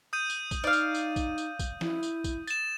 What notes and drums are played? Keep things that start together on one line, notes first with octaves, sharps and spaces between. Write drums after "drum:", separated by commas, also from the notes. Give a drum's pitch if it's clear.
D#6 G6 D#7
drum: tambourine
drum: kick, tambourine
D#4 D5 F5
drum: tambourine
drum: tambourine
drum: kick, tambourine
drum: tambourine
drum: kick, tambourine
E4, drum: snare
drum: tambourine
drum: kick, tambourine
A6 E7, drum: tambourine